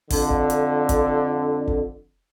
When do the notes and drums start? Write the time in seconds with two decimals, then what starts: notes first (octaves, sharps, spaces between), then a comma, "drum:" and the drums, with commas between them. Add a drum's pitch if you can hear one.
0.10 F2 D3, drum: kick, open hi-hat
0.30 drum: kick
0.50 drum: hi-hat
0.89 drum: kick, hi-hat
1.67 drum: kick